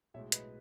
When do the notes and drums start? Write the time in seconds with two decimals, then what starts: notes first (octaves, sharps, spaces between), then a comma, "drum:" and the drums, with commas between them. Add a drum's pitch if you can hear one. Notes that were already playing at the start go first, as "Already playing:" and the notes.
0.14 B1 A2 G#3 C#5 E5
0.32 B4 D#5, drum: hi-hat